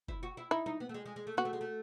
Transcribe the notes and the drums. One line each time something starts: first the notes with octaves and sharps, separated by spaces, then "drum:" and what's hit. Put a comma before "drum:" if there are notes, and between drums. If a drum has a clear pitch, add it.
E4, drum: kick F#1
F#4
E4
D#4 E4
D#4, drum: tom
B3
A3
G#3
G#3
G#3
A3
B3 F#4
A3
G#3
A3